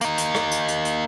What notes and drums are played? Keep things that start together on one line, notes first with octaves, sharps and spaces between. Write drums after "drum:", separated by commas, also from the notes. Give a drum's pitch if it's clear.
A#3 D#4, drum: hi-hat
drum: hi-hat
drum: rim click
drum: hi-hat
drum: hi-hat
drum: hi-hat